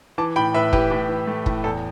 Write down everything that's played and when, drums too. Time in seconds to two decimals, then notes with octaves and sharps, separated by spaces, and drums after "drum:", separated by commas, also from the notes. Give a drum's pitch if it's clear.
0.18 E3 A5 D6
0.36 A2 G5 B5
0.54 A2 B4 E5
0.73 E3 G4 B4, drum: kick
0.91 A2 G4
1.09 E3
1.27 A3
1.46 A2, drum: kick
1.64 E2 A4